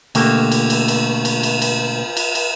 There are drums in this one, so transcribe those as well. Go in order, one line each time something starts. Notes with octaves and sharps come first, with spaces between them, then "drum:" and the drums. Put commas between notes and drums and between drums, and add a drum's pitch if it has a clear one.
B2 D3 A3 A#3 G4, drum: cymbal
drum: cymbal
drum: cymbal
drum: cymbal
drum: cymbal
drum: cymbal
drum: cymbal
drum: cymbal
drum: cymbal